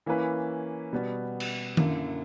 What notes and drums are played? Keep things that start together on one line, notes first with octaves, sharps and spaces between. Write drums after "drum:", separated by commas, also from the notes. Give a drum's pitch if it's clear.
E3 A#3 C#4 E4 B4
B2 G3 B3 F#4
drum: cymbal
F#2 D3 A#3 E4, drum: tom D#3